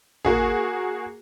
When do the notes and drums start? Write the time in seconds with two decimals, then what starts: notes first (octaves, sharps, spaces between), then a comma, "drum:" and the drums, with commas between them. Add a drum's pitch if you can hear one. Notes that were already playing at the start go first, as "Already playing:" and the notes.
0.25 A#3 F#4 G#4, drum: tom G#1